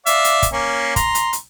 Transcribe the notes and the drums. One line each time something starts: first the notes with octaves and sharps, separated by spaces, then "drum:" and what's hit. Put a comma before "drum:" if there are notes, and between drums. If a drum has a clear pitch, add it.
D5 E5 F5, drum: hi-hat
drum: hi-hat
drum: kick, hi-hat
A#3 C#4
A#5 C6, drum: kick, hi-hat
drum: hi-hat
drum: hi-hat